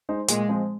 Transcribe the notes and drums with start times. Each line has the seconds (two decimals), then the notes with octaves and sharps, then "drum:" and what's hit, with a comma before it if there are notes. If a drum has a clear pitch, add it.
0.09 G#3 D#4 C5
0.28 A#2 G#3, drum: hi-hat
0.48 F3 G#3 C4